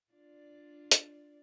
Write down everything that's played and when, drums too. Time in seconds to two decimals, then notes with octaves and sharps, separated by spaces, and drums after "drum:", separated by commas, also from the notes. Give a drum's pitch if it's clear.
0.12 D4 F4 D5
0.91 drum: hi-hat